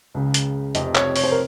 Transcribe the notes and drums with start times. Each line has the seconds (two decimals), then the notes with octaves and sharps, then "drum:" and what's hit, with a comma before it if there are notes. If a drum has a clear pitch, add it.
0.14 C#2 C#3
0.34 drum: hi-hat
0.75 F1 F2 C3 D#5, drum: hi-hat
0.95 C#5, drum: clap
1.16 C#5, drum: open hi-hat
1.24 C5
1.32 A#4